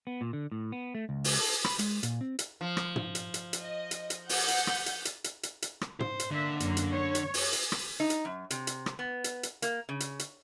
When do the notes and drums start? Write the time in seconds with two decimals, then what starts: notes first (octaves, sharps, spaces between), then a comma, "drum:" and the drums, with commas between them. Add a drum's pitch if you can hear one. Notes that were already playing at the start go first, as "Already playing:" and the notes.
0.07 B3
0.21 A#2
0.33 D3
0.52 A2
0.72 B3
0.95 A3
1.09 C#2
1.24 drum: open hi-hat
1.40 A4
1.65 B5, drum: rim click
1.79 G#3, drum: hi-hat
2.03 A#2, drum: hi-hat
2.21 C4
2.39 drum: hi-hat
2.61 F3
2.77 drum: rim click
2.96 drum: tom
3.15 drum: hi-hat
3.34 drum: hi-hat
3.53 drum: hi-hat
3.64 D#5
3.91 drum: hi-hat
4.10 drum: hi-hat
4.29 F#5 G6, drum: open hi-hat
4.48 drum: hi-hat
4.67 drum: rim click
4.86 drum: hi-hat
5.05 drum: hi-hat
5.24 drum: hi-hat
5.43 drum: hi-hat
5.62 drum: hi-hat
5.81 drum: rim click
6.00 C5, drum: tom
6.20 drum: hi-hat
6.31 D3 A#3 E5
6.60 F#2 A#3, drum: hi-hat
6.77 drum: hi-hat
6.91 C#5
7.15 drum: hi-hat
7.34 drum: open hi-hat
7.53 drum: hi-hat
7.72 drum: rim click
8.00 D#4
8.10 drum: hi-hat
8.25 F#2
8.50 C3, drum: hi-hat
8.67 drum: hi-hat
8.86 drum: rim click
8.99 B3
9.24 drum: hi-hat
9.43 drum: hi-hat
9.62 A#3, drum: hi-hat
9.89 C#3
10.00 drum: hi-hat
10.19 drum: hi-hat